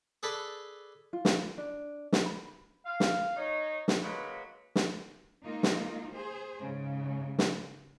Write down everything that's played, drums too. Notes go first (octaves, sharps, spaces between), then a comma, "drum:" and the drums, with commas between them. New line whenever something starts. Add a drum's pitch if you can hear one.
G#4 A4 B4 D5 B5
F4
drum: snare
D4
drum: snare
B5
F5
drum: snare
D#4 C#5
drum: snare
C#3 F#3 G#3 A#3 B4 B5
drum: snare
G#3 A#3 D#4 F4
drum: snare
G#4 C5
G#2 C#3
drum: snare